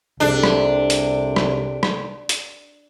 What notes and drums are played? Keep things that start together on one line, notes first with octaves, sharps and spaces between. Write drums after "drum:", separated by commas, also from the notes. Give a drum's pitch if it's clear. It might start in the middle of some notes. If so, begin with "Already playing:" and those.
C2 C3 D4 G#4 A4 B4
drum: rim click
drum: hi-hat
drum: rim click
drum: rim click
drum: hi-hat